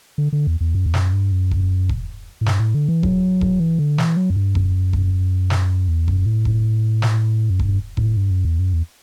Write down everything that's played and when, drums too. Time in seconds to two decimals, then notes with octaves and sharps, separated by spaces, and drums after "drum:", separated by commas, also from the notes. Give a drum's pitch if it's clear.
0.18 D3
0.33 D3
0.47 E2
0.61 E2
0.75 F#2
0.86 E2
0.94 F#2, drum: snare
1.13 G2
1.32 F#2
1.51 drum: kick E1
1.89 drum: kick E1
2.41 A2
2.46 G2, drum: snare
2.60 A2
2.75 D3
2.89 E3
3.03 F#3, drum: kick E1
3.41 drum: kick E1
3.60 E3
3.79 D3
3.98 E3, drum: snare
4.17 F#3
4.30 F#2
4.36 G2
4.55 F#2, drum: kick E1
4.93 drum: kick E1
5.50 drum: snare
5.88 E2
6.08 F#2, drum: kick E1
6.26 A2
6.45 drum: kick E1
7.02 drum: snare
7.50 F#2
7.59 G2, drum: kick E1
7.97 A2, drum: kick E1
8.17 G2
8.31 F#2
8.45 E2
8.59 F#2
8.73 E2